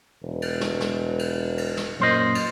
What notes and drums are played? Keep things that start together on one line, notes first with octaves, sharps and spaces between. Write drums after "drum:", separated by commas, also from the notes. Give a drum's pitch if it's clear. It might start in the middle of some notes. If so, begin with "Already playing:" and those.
E1
drum: cymbal
drum: snare
drum: snare
drum: cymbal
drum: cymbal
drum: snare
F#2 A#2 C5 D#5
drum: cymbal